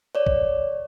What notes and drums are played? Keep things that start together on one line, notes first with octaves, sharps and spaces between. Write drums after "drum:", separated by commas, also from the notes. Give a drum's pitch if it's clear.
C#5 D5
drum: kick A#1